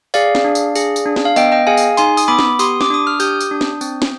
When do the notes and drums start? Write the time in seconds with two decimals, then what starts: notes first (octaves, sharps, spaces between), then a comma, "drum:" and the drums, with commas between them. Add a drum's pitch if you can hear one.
0.14 G#4 D5 F5, drum: tambourine
0.35 drum: snare
0.45 D4
0.55 drum: tambourine
0.75 G#4, drum: tambourine
0.96 drum: tambourine
1.06 D4
1.16 drum: snare
1.25 F5
1.36 B3 D#5 G5, drum: tambourine
1.52 D#5 G5
1.67 G#4 F5 G#5
1.77 drum: tambourine
1.97 D#4 G#5 C6, drum: tambourine
2.17 D#6, drum: tambourine
2.28 B3 B5 D6
2.39 drum: snare
2.59 G4 C6 D#6, drum: tambourine
2.81 D6, drum: snare
2.90 D4 D#6
3.07 F6
3.20 G4 D#6 G6, drum: tambourine
3.41 drum: tambourine
3.51 D4
3.61 drum: snare
3.81 C4, drum: tambourine
4.02 drum: snare